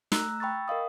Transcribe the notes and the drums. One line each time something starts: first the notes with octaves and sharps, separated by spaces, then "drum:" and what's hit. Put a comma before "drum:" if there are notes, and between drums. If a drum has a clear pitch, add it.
A3 A#5 E6 F#6, drum: snare
G5 B5 C#6 E6 A6
A#4 D#5 F5 D#6